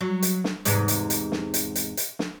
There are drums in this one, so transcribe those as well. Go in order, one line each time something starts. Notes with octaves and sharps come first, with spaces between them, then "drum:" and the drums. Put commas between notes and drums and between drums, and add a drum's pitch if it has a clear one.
F#3
drum: hi-hat
drum: snare
E2 G#2 C3, drum: hi-hat
drum: hi-hat
drum: hi-hat
drum: snare
drum: hi-hat
drum: hi-hat
drum: hi-hat
drum: snare